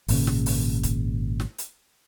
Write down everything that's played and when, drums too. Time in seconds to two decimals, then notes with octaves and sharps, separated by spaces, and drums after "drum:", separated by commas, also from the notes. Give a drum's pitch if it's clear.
0.08 G#1 A#2 C#3, drum: open hi-hat
0.27 drum: snare
0.46 drum: open hi-hat
0.83 drum: kick, hi-hat
1.40 drum: snare
1.58 drum: hi-hat